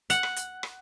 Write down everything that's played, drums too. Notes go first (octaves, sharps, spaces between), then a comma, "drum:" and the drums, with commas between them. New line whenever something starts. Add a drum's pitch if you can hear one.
F#5, drum: hi-hat
drum: rim click
drum: hi-hat
drum: rim click